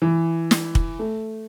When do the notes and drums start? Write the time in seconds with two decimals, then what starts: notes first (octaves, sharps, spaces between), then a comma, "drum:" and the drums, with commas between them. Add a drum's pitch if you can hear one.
0.02 E3
0.51 drum: snare
0.75 drum: kick
0.99 A3